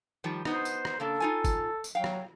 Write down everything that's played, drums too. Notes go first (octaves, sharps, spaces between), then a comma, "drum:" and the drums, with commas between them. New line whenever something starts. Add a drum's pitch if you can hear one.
D#3 F3 G3
B3 D#4 C5, drum: rim click
drum: tambourine
drum: rim click
C#3 A#3 D4 A4
D#4 F4 G#5
drum: kick, tambourine
drum: tambourine
F#3 F5 G5
drum: rim click